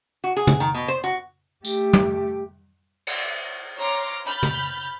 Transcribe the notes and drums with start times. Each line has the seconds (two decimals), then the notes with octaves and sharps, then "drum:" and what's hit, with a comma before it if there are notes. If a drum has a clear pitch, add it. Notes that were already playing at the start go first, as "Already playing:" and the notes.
0.24 F#4
0.37 G#4
0.47 drum: tom
0.60 D#3
0.74 B2
0.88 C5
1.04 F#4
1.65 A3 G4, drum: tambourine
1.93 drum: tom
3.07 drum: cymbal
3.77 C#5 A#5 C6 D6 F6
4.25 B5 F6 G6 A6
4.43 drum: tom